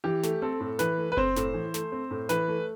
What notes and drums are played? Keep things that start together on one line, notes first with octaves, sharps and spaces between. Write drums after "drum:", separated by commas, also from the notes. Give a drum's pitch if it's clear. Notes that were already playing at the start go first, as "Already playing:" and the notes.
E3 G4
A3, drum: snare
C4 A4
A2
E3 B4, drum: snare
A3
B4
C4 C5, drum: kick F#1
A2, drum: snare
E3
A3, drum: snare
C4
A2
E3 B4, drum: snare
A3